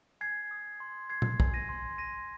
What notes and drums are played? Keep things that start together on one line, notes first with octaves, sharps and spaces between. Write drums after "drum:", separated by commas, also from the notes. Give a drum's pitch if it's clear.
G#5 G#6 C7
D#6
C6
C6 G#6 C7
drum: tom A#2
G#5, drum: kick
A#6 D#7
C6
C6 A#6 D#7